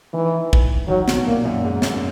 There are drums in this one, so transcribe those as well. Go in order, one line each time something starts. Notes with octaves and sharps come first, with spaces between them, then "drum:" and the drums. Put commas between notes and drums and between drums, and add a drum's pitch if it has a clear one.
D#3 E3
drum: kick
D#3 F#3
B2, drum: snare
A#2 A#3
F#2
G#2
F#2, drum: snare